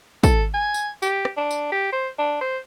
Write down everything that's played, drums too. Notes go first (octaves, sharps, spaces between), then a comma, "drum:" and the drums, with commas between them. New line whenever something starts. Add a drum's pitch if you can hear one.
A4, drum: kick, tambourine
G#5
drum: tambourine
G4, drum: tambourine
drum: rim click
D4
drum: tambourine
G4
C5
D4
C5